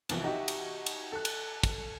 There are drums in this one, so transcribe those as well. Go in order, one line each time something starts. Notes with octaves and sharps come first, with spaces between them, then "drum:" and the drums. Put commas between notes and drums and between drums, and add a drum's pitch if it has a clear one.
C2 B2 E3 F3, drum: cymbal
D#4 F#4 G4 E5
drum: cymbal
drum: cymbal
A4 F#6
drum: cymbal
drum: kick, cymbal